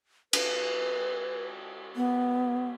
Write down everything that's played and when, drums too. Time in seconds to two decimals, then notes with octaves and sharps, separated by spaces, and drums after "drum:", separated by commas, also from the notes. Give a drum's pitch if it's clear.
0.33 B4, drum: cymbal
1.96 B3